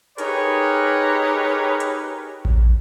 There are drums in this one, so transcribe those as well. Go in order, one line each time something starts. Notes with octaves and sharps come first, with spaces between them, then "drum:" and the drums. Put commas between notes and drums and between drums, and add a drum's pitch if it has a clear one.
D#4 G4 G#4 A#4 B4 C#5, drum: hi-hat
drum: hi-hat
drum: kick A1